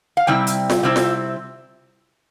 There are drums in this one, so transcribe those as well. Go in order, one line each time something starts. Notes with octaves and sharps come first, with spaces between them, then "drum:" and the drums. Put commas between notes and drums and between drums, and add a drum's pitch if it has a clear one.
F5
C3 G3 C4 E4 G5
drum: hi-hat
drum: snare F4
C3 G3 C4 E4
drum: snare F4